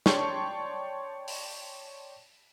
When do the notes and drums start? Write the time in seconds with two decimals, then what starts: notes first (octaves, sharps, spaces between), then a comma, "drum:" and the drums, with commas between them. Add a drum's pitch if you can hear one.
0.06 C#5 D5 G5 A5 C6 C#6, drum: snare
1.28 drum: open hi-hat